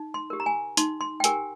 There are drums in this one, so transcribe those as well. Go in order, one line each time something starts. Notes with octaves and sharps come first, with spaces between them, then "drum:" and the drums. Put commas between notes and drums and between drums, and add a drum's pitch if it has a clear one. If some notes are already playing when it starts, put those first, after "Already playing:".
Already playing: D#4
C6
G4 A#4
A#5
G#5
D#4 C6, drum: hi-hat
C6
G5
G4 A#4 G#5, drum: hi-hat